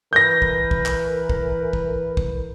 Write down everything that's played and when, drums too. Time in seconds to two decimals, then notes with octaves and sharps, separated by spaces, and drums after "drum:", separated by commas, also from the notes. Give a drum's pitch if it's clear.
0.13 E3 A#4 B4 G6 A#6
0.42 drum: kick
0.71 drum: kick
0.86 drum: clap
1.30 drum: kick
1.73 drum: kick
2.17 drum: kick